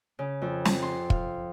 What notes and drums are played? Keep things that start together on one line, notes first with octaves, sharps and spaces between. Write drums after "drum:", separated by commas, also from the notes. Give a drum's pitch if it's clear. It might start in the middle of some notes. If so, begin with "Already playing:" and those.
C#3
F2
drum: snare
C6
F5, drum: kick